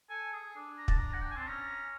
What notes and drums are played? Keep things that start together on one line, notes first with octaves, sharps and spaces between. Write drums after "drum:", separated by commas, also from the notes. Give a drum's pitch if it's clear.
A4 G#5
G#4
D4
A#5
A5, drum: kick
A#5
F#5
G5
G#5
C4 A5
C#4 A#5